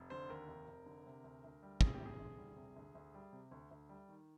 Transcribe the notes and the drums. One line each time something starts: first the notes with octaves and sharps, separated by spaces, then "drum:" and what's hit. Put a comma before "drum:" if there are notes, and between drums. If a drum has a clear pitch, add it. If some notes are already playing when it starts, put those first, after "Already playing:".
Already playing: F1
D3 C5
D#2 A#4
F1
F1
D3
C3
D2
D2
G3
C3 G#4, drum: kick
G4
D2
G#4
D2
G3
C3
D2
D2
G3
C3
D2
D2
G3
D#3